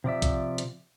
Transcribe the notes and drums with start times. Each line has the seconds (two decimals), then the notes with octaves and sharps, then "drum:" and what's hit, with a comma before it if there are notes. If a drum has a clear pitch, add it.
0.04 C3 F3 D5 E5
0.22 drum: kick, hi-hat
0.58 drum: hi-hat